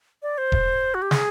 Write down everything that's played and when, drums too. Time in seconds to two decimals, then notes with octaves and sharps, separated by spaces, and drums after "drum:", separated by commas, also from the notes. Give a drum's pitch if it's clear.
0.23 D5
0.38 C5
0.52 drum: kick E1
0.94 F#4
1.02 G4
1.11 G#4, drum: snare